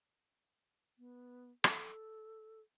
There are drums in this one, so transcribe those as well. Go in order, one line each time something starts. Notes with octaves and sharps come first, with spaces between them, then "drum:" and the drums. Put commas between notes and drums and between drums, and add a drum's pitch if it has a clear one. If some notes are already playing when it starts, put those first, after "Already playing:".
B3
A4, drum: rim click